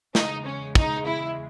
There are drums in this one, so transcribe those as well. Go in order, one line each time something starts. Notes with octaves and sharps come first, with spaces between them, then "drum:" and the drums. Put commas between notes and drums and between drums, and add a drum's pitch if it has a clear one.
E2 C#3 G#3 D#4, drum: snare
C#4
D#4, drum: kick
E4